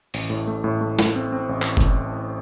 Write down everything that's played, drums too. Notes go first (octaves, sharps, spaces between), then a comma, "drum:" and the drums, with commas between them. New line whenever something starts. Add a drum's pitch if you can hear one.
A1, drum: open hi-hat
A2
A3
A2
A3
A3, drum: snare
C4
C4
A1
drum: clap
drum: kick F#1